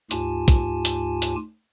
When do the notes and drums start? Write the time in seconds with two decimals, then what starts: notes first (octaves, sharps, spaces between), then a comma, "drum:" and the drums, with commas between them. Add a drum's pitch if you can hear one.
0.11 D2 G#2 F4 G4 G#5 A5, drum: hi-hat
0.48 drum: kick, hi-hat
0.85 drum: hi-hat
1.22 drum: hi-hat